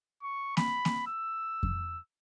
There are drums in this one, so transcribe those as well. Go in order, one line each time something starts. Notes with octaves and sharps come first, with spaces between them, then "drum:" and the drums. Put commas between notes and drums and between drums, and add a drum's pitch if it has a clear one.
C#6
B5, drum: snare A#3
drum: snare A#3
E6
drum: kick F2